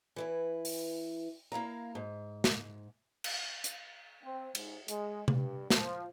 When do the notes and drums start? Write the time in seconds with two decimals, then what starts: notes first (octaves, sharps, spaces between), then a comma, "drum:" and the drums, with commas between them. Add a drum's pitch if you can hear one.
0.16 E3 E4 B4
0.65 drum: open hi-hat
1.52 A#3 E4 F5 A#5
1.95 G#2
2.44 drum: snare
3.24 drum: cymbal
3.64 drum: hi-hat
4.24 C4
4.55 G#2, drum: cymbal
4.88 G#3, drum: hi-hat
5.28 G2, drum: tom C3
5.70 F3, drum: snare